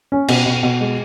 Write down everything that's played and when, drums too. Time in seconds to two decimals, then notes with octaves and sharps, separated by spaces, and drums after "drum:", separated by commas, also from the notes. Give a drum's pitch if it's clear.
0.12 C#4
0.28 B2, drum: cymbal
0.46 B2
0.63 B2
0.80 G#3